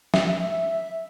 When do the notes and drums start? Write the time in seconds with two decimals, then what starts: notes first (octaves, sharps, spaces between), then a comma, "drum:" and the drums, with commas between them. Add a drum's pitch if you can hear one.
0.14 E5, drum: snare